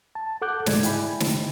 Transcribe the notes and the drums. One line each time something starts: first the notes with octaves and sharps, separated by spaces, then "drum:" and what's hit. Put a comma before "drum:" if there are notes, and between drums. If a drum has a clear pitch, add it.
A5
A4 F#5 D6 F#6 G6
G#2 G#3 D5 G#6, drum: snare
E4 G5 G#5 B5, drum: hi-hat
D3, drum: snare